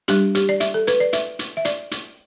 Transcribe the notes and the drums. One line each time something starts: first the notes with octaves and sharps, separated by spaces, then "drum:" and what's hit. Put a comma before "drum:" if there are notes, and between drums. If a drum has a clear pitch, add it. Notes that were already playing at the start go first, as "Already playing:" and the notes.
G3 D4 G4, drum: hi-hat
G4, drum: hi-hat
D5
E5, drum: hi-hat
A4
B4, drum: hi-hat
D5
E5, drum: hi-hat
drum: hi-hat
E5
D5, drum: hi-hat
drum: hi-hat